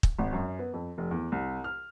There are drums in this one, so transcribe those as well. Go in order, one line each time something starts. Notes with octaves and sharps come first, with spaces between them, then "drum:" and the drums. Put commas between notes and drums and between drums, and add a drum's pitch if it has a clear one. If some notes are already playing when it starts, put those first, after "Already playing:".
drum: kick
G#1
F#2
B3
F2
F1
E2
C2
F6